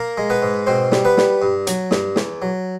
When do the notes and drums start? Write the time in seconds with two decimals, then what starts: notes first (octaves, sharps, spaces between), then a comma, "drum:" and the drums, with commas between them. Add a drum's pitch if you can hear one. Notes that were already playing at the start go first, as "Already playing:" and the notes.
Already playing: A#3 A#4
0.17 G#3
0.30 B3 B4
0.42 G#2
0.67 B2 C4 C5
0.92 G3, drum: snare
1.05 B3 B4
1.17 G3, drum: snare
1.42 G2
1.67 F#3, drum: hi-hat
1.91 G2, drum: snare
2.16 E2, drum: snare
2.42 F#3